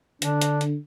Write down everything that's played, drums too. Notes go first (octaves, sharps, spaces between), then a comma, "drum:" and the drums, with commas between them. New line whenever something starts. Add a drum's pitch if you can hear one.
D3 D4, drum: hi-hat
drum: hi-hat
drum: hi-hat